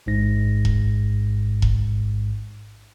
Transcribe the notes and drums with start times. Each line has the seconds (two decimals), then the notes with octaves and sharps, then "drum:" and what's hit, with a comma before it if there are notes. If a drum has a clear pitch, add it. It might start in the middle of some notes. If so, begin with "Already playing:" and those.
0.06 A1 G#2 A#6
0.65 drum: kick E1
1.62 drum: kick E1